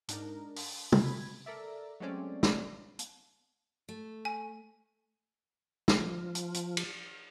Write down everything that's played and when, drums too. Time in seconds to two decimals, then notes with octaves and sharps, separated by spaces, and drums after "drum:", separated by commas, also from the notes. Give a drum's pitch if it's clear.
0.08 G#2 D4 D#4 A#4, drum: hi-hat
0.56 drum: open hi-hat
0.92 B5 G#6, drum: tom
1.46 A4 A#4 D5 E5
2.00 F#3 G#3 A3 C4 C#4 D5
2.43 drum: snare
2.99 drum: hi-hat
3.89 A3
4.25 G#5
5.88 drum: snare
5.99 F3
6.35 drum: hi-hat
6.54 drum: hi-hat
6.77 drum: cymbal